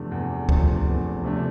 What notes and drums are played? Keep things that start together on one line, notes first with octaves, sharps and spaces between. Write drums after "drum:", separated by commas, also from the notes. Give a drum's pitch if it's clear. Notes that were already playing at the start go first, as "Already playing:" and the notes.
Already playing: E2 C3 F3 A3 D4
E2
C3 F3 A3 D4, drum: kick D2
E2
C3 F3 A3 D4